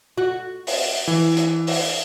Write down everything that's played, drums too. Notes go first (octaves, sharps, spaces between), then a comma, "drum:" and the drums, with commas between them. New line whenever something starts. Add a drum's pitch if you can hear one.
F#4
drum: open hi-hat
E3
drum: hi-hat
drum: open hi-hat